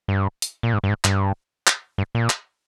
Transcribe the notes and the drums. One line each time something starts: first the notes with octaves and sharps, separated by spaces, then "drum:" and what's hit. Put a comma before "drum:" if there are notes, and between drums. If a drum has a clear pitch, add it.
G2
drum: hi-hat
A#2
G#2
G2
G#2
G2, drum: clap
drum: clap
G2
A#2
drum: clap